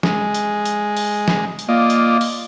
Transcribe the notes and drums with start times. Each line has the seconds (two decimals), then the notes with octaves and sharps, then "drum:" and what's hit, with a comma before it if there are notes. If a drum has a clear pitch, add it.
0.03 G#3, drum: snare
0.34 drum: hi-hat
0.65 drum: hi-hat
0.97 drum: open hi-hat
1.28 drum: snare
1.59 drum: hi-hat
1.69 A#3 F4 D5 D#5
1.90 drum: hi-hat
2.21 drum: open hi-hat